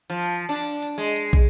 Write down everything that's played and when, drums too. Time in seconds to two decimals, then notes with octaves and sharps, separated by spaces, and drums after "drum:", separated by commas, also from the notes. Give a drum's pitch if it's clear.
0.10 F3
0.49 D4
0.83 drum: hi-hat
0.98 G#3
1.16 drum: hi-hat
1.33 drum: kick